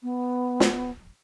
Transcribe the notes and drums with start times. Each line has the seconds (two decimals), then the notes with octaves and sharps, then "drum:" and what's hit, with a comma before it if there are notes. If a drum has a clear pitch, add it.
0.03 B3
0.60 drum: snare